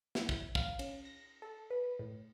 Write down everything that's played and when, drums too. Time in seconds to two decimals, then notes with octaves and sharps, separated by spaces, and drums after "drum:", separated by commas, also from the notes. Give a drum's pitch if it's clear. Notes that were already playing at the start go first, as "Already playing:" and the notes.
0.15 E4, drum: snare
0.29 drum: kick
0.55 F5, drum: kick
0.79 C#4, drum: cymbal
1.05 A#6
1.42 A4
1.70 B4
1.99 A2